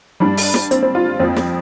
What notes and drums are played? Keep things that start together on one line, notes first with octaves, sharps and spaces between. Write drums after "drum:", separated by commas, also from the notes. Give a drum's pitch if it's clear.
G2 G3 D4
drum: open hi-hat
drum: snare
C4, drum: hi-hat
C4
F4
F2 F3 C4
drum: snare